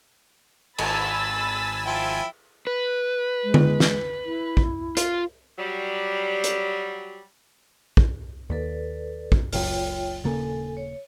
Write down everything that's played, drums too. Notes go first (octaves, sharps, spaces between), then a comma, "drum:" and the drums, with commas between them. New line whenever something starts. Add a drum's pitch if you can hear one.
G#1 G#5 A5 B5 E6 A6, drum: cymbal
F3 E4 G5
B4
G#3
drum: tom D3
drum: snare
E4
drum: kick
F4, drum: hi-hat
F#3 G3
drum: hi-hat
drum: kick
D#2 A4 B4 D5
drum: kick
F#1 C#2 F#2 F4 C#5 G5, drum: open hi-hat
D#1 C#3 A#3 A4 G#5
C#5